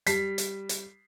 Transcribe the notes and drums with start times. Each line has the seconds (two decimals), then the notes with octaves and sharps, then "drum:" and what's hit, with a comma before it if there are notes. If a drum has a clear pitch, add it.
0.06 G3 B6 C7, drum: hi-hat
0.38 drum: hi-hat
0.69 drum: hi-hat